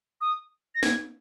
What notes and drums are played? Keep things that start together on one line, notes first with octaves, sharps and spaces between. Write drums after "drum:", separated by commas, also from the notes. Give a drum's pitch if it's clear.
D#6
A#6
G#6, drum: snare